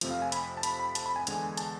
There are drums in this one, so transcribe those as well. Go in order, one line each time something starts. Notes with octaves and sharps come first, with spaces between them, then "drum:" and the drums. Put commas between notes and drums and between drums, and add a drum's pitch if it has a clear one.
F2 C3 F3 A3, drum: hi-hat
F5
G#5
B5, drum: hi-hat
A5
B5, drum: hi-hat
B5
A5, drum: hi-hat
B5
G#5
E2 D3 G#3, drum: hi-hat
A5, drum: hi-hat